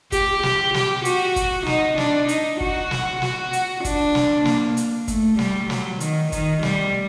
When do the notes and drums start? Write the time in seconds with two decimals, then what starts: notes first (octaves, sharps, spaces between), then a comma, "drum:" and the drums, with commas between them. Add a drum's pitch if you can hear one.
0.12 G4, drum: kick, hi-hat
0.43 G4, drum: snare
0.74 G4, drum: snare
1.05 F#4, drum: hi-hat
1.36 drum: kick, hi-hat
1.66 D#4, drum: snare
1.98 D4, drum: snare
2.28 D#4, drum: hi-hat
2.60 F#4, drum: kick
2.91 drum: snare
3.22 F#4, drum: snare
3.53 drum: hi-hat
3.85 D4, drum: kick, hi-hat
4.15 drum: snare
4.45 A#3, drum: snare
4.77 drum: hi-hat
5.08 A3, drum: kick, hi-hat
5.39 G3, drum: snare
5.70 F#3, drum: snare
6.00 D#3, drum: hi-hat
6.32 D#3, drum: kick, hi-hat
6.63 G3, drum: snare